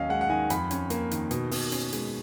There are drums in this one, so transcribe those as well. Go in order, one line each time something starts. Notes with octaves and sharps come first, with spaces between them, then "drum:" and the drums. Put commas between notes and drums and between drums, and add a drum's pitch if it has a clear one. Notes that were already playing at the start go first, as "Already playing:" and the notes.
Already playing: D#2 F#3 C#4 D#5 F5
G#3 F#5
F#5
D#3 G#5
F2 B5, drum: hi-hat
C#4, drum: hi-hat
A#3, drum: hi-hat
D#3, drum: hi-hat
B2, drum: hi-hat
B2, drum: open hi-hat
C#4, drum: hi-hat
G#3, drum: hi-hat